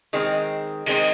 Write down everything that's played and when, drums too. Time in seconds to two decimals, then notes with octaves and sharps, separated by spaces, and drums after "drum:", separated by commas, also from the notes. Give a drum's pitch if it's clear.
0.13 D#3 G#3 C4
0.86 D#3 G#3 C4, drum: cymbal